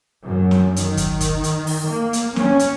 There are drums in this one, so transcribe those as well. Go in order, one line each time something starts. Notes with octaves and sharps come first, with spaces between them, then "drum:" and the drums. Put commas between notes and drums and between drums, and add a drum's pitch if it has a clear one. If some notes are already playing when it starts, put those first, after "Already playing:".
F#2
drum: snare
D#3, drum: hi-hat
drum: kick, hi-hat
drum: kick, hi-hat
drum: hi-hat
drum: open hi-hat
A#3
drum: hi-hat
C#4, drum: snare
drum: hi-hat